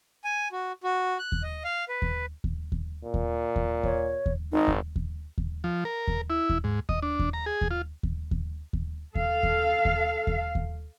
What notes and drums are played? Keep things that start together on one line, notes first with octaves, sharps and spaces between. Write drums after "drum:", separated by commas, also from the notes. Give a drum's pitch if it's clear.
G#5
F#4
F#4
F#6
drum: kick D#2
D#5
F5
B4
drum: kick D#2
drum: kick D#2
drum: kick D#2
A#2
drum: kick D#2
drum: kick D#2
C#5, drum: kick D#2
drum: kick D#2
G#1 D#4
drum: kick D#2
drum: kick D#2
drum: kick D#2
F3
A#4
drum: kick D#2
E4
drum: kick D#2
G#2
D#5, drum: kick D#2
D4
drum: kick D#2
A#5
G#4
drum: kick D#2
F4
drum: kick D#2
drum: kick D#2
drum: kick D#2
A4 F5, drum: kick D#2
drum: kick D#2
drum: kick D#2
drum: kick D#2
drum: kick D#2